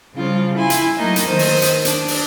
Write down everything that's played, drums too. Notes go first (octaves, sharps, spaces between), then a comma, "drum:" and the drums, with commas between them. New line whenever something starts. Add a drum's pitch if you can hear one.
C#3 F3 G3 F4
E4 E5 G#5 B5 C6
drum: hi-hat
F#3 A3 A#3 D#4 D#5
drum: hi-hat
D#3 C5 D#6
drum: open hi-hat
drum: hi-hat
D4, drum: hi-hat
drum: open hi-hat